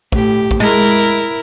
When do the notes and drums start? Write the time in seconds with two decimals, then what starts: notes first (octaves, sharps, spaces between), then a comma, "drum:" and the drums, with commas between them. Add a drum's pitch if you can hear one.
0.12 A2 G4, drum: kick
0.51 drum: kick
0.60 G#3 E4 A#4